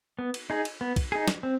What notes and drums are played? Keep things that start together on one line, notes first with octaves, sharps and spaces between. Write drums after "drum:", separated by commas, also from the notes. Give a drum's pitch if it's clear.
B3
drum: cymbal
D#4 G#4
drum: cymbal
B3
drum: kick, cymbal
D#4 G#4
drum: snare
C4